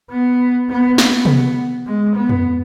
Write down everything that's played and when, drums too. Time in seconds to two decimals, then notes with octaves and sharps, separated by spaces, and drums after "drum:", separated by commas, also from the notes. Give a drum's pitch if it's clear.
0.11 B3
0.70 B3
0.98 B3, drum: snare
1.25 drum: tom C3
1.86 G#3
2.16 B3
2.29 drum: tom F2